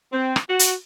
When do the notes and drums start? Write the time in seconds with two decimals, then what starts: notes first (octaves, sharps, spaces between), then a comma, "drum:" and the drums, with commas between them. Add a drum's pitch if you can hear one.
0.12 C4
0.36 drum: rim click
0.49 F#4
0.59 drum: hi-hat